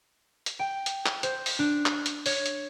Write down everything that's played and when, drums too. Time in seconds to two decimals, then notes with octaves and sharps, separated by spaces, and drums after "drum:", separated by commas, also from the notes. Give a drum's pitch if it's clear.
0.46 drum: hi-hat
0.59 G5
0.86 drum: hi-hat
1.06 drum: clap
1.23 C5, drum: hi-hat
1.46 drum: open hi-hat
1.59 D4
1.86 drum: clap
2.06 drum: hi-hat
2.26 C#5, drum: open hi-hat
2.46 drum: hi-hat